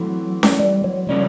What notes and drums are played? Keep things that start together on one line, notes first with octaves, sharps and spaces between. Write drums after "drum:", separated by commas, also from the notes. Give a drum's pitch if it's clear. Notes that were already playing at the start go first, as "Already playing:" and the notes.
Already playing: E3 F#3 A3 C4 E4
drum: snare C#4
G3
F#3
C#3 F3 G3 A#3 C#4